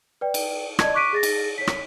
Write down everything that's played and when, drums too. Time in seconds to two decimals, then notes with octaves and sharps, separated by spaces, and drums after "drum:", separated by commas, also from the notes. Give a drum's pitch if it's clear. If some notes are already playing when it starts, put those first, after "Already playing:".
0.21 B4 D5 G5
0.34 drum: cymbal
0.79 D5 D#5 A5 G#6, drum: rim click
0.94 C#6 D6 F#6 B6 D7 D#7
1.13 G#4 A6 A#6
1.23 drum: cymbal
1.58 C#5 B6
1.67 drum: rim click